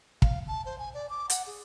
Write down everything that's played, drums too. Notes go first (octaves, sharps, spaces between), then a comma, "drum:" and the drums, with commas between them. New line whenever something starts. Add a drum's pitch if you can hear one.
F5, drum: kick
A5
C5
G#5
D5
D6
F#5, drum: hi-hat
G#4